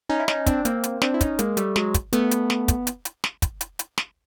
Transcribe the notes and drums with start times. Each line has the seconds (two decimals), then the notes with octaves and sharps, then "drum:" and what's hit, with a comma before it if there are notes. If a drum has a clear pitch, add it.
0.09 C#4 D#4
0.20 E4
0.28 C#4 D#4, drum: snare
0.46 C4 D4, drum: kick, hi-hat
0.65 A#3 C4, drum: hi-hat
0.84 drum: hi-hat
1.02 C4 D4, drum: snare
1.14 E4
1.21 C#4 D#4, drum: kick, hi-hat
1.39 G#3 A#3, drum: hi-hat
1.57 G3 A3, drum: hi-hat
1.76 F#3 G#3, drum: snare
1.94 drum: kick, hi-hat
2.13 A3 B3, drum: hi-hat
2.31 drum: hi-hat
2.50 drum: snare
2.68 drum: kick, hi-hat
2.87 drum: hi-hat
3.05 drum: hi-hat
3.24 drum: snare
3.42 drum: kick, hi-hat
3.61 drum: hi-hat
3.79 drum: hi-hat
3.98 drum: snare